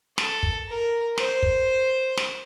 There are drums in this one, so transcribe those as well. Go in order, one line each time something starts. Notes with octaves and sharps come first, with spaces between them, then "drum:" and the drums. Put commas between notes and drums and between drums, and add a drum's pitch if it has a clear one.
A4, drum: snare
drum: kick
A#4
C5, drum: snare
drum: kick
drum: snare